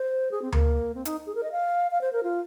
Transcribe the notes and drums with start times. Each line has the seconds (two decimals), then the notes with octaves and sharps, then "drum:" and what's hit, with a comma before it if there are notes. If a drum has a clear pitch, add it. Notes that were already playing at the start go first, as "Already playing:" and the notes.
Already playing: C5
0.31 G#4
0.42 C4
0.52 A#3, drum: tom D2
0.95 C4
1.05 D#4, drum: hi-hat
1.26 G#4
1.35 A#4
1.43 D#5
1.52 F5
1.91 F5
2.01 C5
2.13 A#4
2.23 F4